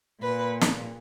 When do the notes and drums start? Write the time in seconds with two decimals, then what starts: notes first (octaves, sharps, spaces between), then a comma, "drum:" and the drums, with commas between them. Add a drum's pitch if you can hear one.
0.23 A#2 B4
0.61 drum: snare